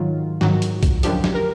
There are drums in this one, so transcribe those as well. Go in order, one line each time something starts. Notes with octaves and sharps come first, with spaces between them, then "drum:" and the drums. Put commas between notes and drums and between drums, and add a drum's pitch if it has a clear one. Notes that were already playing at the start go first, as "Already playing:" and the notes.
Already playing: G#2 D#3 F#3 F4
G#2 D#3 F#3 F#4, drum: snare
drum: hi-hat
drum: kick B1, hi-hat
F#2 D3 F3 G4, drum: hi-hat
drum: snare
A#4